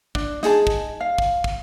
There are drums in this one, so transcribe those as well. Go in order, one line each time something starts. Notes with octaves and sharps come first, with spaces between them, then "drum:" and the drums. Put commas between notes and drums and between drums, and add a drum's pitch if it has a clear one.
D4, drum: kick
D#4 G#4 A5, drum: snare
drum: kick
F5
drum: kick
drum: kick